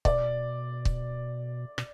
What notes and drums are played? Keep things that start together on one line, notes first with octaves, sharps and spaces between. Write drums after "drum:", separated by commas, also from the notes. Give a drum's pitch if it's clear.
B2 D5, drum: kick C#1
drum: kick C#1
B2, drum: rim click